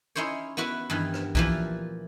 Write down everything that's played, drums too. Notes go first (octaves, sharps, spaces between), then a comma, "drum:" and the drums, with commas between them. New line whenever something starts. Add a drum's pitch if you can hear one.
C#4 D#4 E4 C5 C#5
B3 E4 F#4 B4
G2 D#3 E3
drum: rim click
A#2 E3 F3, drum: kick B1